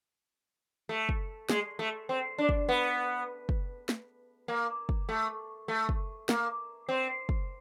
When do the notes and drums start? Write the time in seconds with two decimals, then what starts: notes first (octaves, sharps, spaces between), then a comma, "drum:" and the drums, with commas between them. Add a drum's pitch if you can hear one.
0.89 A3
1.09 drum: kick
1.49 G#3, drum: snare
1.79 A3
2.09 C4
2.38 D4
2.49 drum: kick
2.69 B3
3.49 drum: kick
3.89 drum: snare
4.48 A#3
4.89 drum: kick
5.09 A3
5.68 A3
5.89 drum: kick
6.29 A#3, drum: snare
6.89 C4
7.29 drum: kick